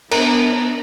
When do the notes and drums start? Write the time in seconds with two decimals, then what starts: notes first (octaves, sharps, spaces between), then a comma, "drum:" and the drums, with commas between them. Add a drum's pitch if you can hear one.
0.11 B3 D4 A#4, drum: cymbal